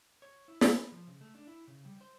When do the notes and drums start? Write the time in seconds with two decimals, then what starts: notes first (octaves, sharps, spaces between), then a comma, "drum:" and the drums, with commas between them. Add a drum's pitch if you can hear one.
0.22 C#5
0.48 E4
0.61 D#4, drum: snare
0.76 B4
0.92 F3
1.07 C#3
1.21 A3
1.35 D4
1.47 E4
1.68 C#3
1.85 G3
2.01 C5